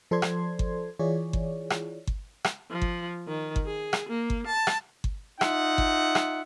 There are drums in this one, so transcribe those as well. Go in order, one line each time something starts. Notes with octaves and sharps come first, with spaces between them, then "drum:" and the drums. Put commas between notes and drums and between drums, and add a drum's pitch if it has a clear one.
F3 A4 C5 D5 C6 G#6
drum: rim click
drum: kick G1
E3 E4 F4 G#4 C#5 D5
drum: kick G1
drum: rim click
drum: kick G1
drum: rim click
F3
drum: kick G1
D#3
drum: kick G1
G#4
drum: rim click
A#3
drum: kick G1
A5
drum: rim click
drum: kick G1
D#4 F4 E5 F#5, drum: rim click
drum: kick G1
drum: rim click